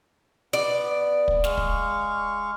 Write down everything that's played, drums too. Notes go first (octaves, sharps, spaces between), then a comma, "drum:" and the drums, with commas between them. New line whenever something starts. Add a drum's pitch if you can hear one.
B3 D5
drum: kick
G#3 F5 C#6, drum: snare
drum: kick